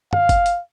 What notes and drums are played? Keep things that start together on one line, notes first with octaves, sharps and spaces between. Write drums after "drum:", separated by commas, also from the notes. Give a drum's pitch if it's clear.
F5, drum: tom F#2
drum: kick G1, hi-hat
drum: hi-hat